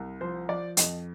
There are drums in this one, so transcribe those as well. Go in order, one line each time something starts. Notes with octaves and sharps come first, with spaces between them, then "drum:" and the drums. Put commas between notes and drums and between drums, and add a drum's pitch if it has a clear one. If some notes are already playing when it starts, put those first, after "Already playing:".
Already playing: C2
F3 C5
F3 D5
F2 D#5, drum: hi-hat